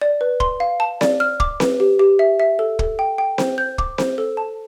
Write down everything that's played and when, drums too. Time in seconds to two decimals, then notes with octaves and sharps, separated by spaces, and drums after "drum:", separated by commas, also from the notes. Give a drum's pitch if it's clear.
0.02 D5
0.21 B4
0.40 C6, drum: kick
0.60 F5
0.80 A5
1.01 D5, drum: snare C4
1.20 F6
1.40 D6, drum: kick
1.60 B4, drum: snare C4
1.80 G4
1.99 G4
2.19 E5
2.40 E5
2.59 A4
2.79 A4, drum: kick
2.99 G5
3.18 G5
3.38 C5, drum: snare C4
3.58 G6
3.78 D6, drum: kick
3.98 C5, drum: snare C4
4.18 A4
4.37 A5